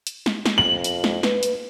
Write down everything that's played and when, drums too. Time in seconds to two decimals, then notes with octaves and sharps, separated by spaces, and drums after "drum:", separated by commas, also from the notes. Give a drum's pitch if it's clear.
0.07 drum: hi-hat
0.26 drum: snare
0.46 drum: snare
0.58 F2 F#7
0.84 drum: hi-hat
1.04 drum: snare
1.23 B4, drum: snare
1.43 drum: hi-hat